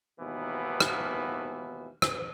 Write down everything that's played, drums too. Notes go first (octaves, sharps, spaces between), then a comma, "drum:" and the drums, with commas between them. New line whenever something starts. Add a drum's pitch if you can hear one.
G#1 D#2 B2 E3 F3 B3
drum: rim click
drum: rim click